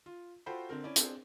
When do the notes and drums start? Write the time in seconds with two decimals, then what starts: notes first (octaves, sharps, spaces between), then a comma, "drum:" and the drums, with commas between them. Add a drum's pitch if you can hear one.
0.06 F4
0.46 F4 F#4 A4 C5 G5 B5
0.70 D3 C4 A#4
0.84 C#4 E4 D5
0.96 C4 D4 G#4, drum: hi-hat